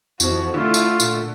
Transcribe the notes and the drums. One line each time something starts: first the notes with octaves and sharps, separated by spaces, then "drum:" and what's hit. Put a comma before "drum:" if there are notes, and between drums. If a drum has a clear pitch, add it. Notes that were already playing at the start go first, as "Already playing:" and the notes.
F2 E3 F3 F#4, drum: tambourine
D3 A3 E4 F4
drum: tambourine
A#2, drum: tambourine